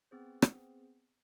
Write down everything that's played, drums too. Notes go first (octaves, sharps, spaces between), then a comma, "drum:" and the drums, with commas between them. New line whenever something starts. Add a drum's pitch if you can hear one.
B3 C4 G#4 C5
drum: rim click